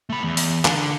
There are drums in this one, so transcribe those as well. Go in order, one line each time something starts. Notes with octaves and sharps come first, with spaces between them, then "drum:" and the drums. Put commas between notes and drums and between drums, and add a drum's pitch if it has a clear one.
A3 B5
E2
drum: open hi-hat
D3, drum: clap